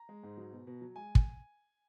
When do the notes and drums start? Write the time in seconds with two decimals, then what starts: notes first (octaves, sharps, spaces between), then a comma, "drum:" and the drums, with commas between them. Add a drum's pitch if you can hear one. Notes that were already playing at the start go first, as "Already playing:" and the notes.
Already playing: A#5
0.09 G#3
0.23 G#2
0.37 F#3
0.52 B2
0.67 B2
0.81 F#3
0.96 G#3 G#5
1.15 drum: kick